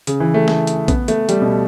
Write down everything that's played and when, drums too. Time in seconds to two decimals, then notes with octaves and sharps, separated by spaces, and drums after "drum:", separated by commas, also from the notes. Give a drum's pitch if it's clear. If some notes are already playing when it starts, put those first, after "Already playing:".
0.07 C#3, drum: hi-hat
0.20 E3
0.34 A3
0.48 A3, drum: snare
0.67 drum: hi-hat
0.88 B3, drum: kick A#1, hi-hat
1.08 A3, drum: hi-hat
1.29 G3, drum: hi-hat
1.41 B2